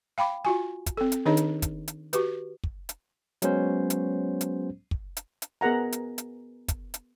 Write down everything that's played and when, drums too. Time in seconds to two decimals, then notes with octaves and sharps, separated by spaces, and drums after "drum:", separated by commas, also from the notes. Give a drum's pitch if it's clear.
0.18 F5 G5 B5 D6
0.45 F4 F#4 G#5
0.86 drum: kick, hi-hat
0.97 C4 A4
1.12 drum: hi-hat
1.25 D#3 D4 D#4 G#4 C#5 D#5
1.37 drum: hi-hat
1.62 drum: kick, hi-hat
1.88 drum: hi-hat
2.13 F#4 G4 B4, drum: hi-hat
2.64 drum: kick
2.89 drum: hi-hat
3.42 F#3 G#3 B3 C#4 C5, drum: hi-hat
3.90 drum: hi-hat
4.41 drum: hi-hat
4.91 drum: kick
5.17 drum: hi-hat
5.42 drum: hi-hat
5.61 B3 G#4 A#4 F#5 A#5
5.92 drum: hi-hat
6.18 drum: hi-hat
6.68 drum: kick, hi-hat
6.94 drum: hi-hat